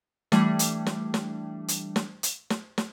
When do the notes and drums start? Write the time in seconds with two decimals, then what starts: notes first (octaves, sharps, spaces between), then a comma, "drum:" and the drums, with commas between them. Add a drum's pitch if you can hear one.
0.32 E3 G3 A3 D4, drum: snare
0.59 drum: hi-hat
0.86 drum: snare
1.14 drum: snare
1.68 drum: hi-hat
1.96 drum: snare
2.23 drum: hi-hat
2.50 drum: snare
2.78 drum: snare